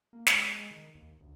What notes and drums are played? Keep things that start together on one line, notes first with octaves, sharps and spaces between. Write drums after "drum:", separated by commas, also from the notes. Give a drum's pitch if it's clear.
A#3
G#3, drum: snare
G#3
D#3
D#2
D2